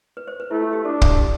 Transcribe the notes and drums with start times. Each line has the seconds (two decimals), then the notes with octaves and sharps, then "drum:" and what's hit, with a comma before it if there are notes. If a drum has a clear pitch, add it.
0.17 B4
0.28 C5
0.40 B4
0.51 A3 E4
0.61 F4
0.73 G4
0.85 D4 A4
1.02 A4, drum: kick
1.10 G4